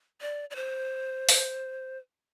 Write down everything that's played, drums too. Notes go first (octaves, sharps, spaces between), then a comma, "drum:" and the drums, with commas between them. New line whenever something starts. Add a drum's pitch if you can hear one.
D5
D5
C5
drum: open hi-hat